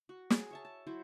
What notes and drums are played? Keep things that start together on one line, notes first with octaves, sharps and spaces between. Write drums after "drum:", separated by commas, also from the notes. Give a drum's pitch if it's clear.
F#4
G#4, drum: snare
C#5 E5 A5
A5
F#3 E4 C5